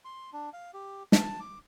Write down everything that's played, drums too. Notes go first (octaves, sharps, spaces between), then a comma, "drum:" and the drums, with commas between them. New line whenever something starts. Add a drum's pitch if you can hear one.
C6
D4
F5
G4
A5, drum: snare
D6